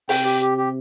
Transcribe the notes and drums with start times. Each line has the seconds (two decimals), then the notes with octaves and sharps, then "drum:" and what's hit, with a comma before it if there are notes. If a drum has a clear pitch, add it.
0.09 C3 G5, drum: open hi-hat
0.25 G4
0.41 G4
0.58 G4